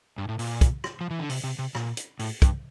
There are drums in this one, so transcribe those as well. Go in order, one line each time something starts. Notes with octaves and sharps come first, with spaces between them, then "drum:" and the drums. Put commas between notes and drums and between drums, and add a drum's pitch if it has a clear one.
G2
A2
A#2, drum: open hi-hat
drum: kick, hi-hat
drum: rim click
F3
E3
D3
C3, drum: open hi-hat
C3
C3
A#2, drum: rim click
drum: hi-hat
A2, drum: open hi-hat
G2, drum: kick, hi-hat